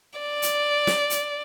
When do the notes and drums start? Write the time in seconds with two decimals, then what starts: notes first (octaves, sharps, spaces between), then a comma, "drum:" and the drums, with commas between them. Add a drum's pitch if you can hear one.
0.19 D5
0.42 drum: hi-hat
0.87 drum: snare
1.10 drum: hi-hat